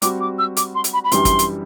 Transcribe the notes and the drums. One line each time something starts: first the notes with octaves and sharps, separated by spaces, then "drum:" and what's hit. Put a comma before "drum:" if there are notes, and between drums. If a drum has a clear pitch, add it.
G3 C4 F#4 D6, drum: hi-hat
D6
E6
D6, drum: hi-hat
C6
drum: hi-hat
B5
B5
F#2 E3 G3 D4 G4 C6, drum: hi-hat
drum: kick, hi-hat
drum: hi-hat